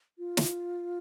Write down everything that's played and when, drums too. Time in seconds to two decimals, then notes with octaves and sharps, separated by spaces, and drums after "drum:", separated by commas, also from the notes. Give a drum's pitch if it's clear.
0.19 F4
0.37 drum: snare